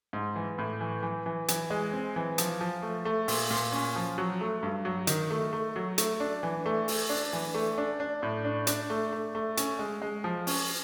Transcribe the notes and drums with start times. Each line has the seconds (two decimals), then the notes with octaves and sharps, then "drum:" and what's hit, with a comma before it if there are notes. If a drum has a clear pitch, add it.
0.13 G#2
0.36 E3
0.58 A2
0.81 E3
1.03 E3
1.26 E3
1.48 E3, drum: hi-hat
1.70 G#3
1.93 C4
2.16 E3
2.38 F3, drum: hi-hat
2.61 F3
2.82 A3
3.05 A3
3.28 A#2, drum: open hi-hat
3.50 A#2
3.72 C#4
3.96 F3
4.18 F#3
4.41 A3
4.63 G2
4.85 F#3
5.07 D#3, drum: hi-hat
5.31 A3
5.53 A3
5.76 F#3
5.98 A3, drum: hi-hat
6.20 D4
6.43 E3
6.66 A3
6.88 A3, drum: open hi-hat
7.09 D4
7.33 E3
7.54 A3
7.78 D4
8.00 D4
8.23 A2
8.45 D4
8.67 D4, drum: hi-hat
8.90 A3
9.13 A3
9.35 A3
9.57 C#4, drum: hi-hat
9.79 G#3
10.02 G#3
10.24 F3
10.47 C#4, drum: open hi-hat